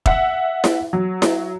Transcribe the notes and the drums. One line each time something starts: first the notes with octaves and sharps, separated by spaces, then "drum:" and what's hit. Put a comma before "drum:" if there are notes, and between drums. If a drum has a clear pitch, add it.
E5 F#5, drum: kick
drum: snare E4
F#3
drum: snare E4